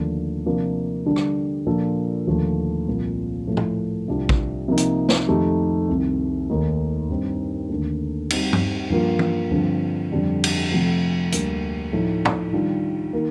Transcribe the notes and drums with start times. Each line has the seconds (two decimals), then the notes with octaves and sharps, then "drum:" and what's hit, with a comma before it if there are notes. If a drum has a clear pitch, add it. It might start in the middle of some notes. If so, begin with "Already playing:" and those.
Already playing: D#2 D3 F3 A3 D4
0.46 C3 F3 A#3 D4
1.06 D3 G3 D4
1.16 drum: rim click
1.66 A#2 F3 A#3 D4 A4
2.27 D#2 D3 F3 A3
2.87 C2 A#2 F3
3.47 A2 F3 A3
3.57 drum: tom
4.08 C2 C3 G3 D4 F4
4.29 drum: kick A1
4.68 C3 F3 A#3 D#4
4.78 drum: hi-hat
5.09 drum: snare
5.28 F2 D#3 A3 D#4 G4
5.89 C2 C3 D#3
6.50 D#2 D#3 A3 D#4
7.09 G2 D#3 G3 C4 D#4
7.70 D#2 D3 A3
8.30 G3 C4 D#4, drum: cymbal
8.53 drum: tom G2
8.90 G2 F3 A#3 F4
9.19 drum: tom E3
9.51 G2 D3 F3 C4
10.11 F2 D3 G3 D4
10.44 drum: cymbal
10.72 F2 C3 F3 A3
11.32 D2 D3 G3 A#3, drum: hi-hat
11.92 A2 F3 A3 D#4
12.25 drum: tom
12.53 D#3 G3 D4 F4
13.13 D#3 A#3